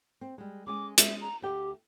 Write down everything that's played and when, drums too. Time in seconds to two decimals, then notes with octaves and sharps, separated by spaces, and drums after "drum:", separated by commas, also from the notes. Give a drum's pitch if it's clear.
0.21 C4
0.38 G3 G#3
0.67 G#3 C#4 G#4 D6
0.98 G#3 C#4 E5, drum: hi-hat
1.21 A#5
1.42 D2 G4 G5